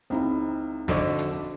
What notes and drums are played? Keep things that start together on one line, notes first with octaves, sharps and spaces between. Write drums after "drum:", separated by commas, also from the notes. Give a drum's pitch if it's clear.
C#2 C4 D#4 E4
F2 D3 F#4 E5 C#6, drum: snare
drum: hi-hat